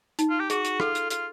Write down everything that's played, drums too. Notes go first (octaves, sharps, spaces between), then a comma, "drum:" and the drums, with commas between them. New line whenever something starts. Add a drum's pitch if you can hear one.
D#4, drum: hi-hat
F4
G4
F#4 G#4, drum: hi-hat
drum: hi-hat
F4 A4, drum: rim click
drum: hi-hat
F4, drum: hi-hat